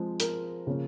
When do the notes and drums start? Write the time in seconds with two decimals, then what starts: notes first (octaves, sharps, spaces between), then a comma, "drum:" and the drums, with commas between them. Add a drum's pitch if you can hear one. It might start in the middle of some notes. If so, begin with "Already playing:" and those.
Already playing: F3 G#3 C4
0.20 A#4, drum: hi-hat
0.67 C#3 F3 A#3 C#4